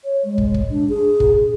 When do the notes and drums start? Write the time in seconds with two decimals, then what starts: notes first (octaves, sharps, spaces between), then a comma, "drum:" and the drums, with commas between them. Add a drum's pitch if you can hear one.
0.04 C#5
0.24 G#3
0.38 drum: kick
0.54 drum: kick
0.71 D4
0.89 G#4
1.20 drum: kick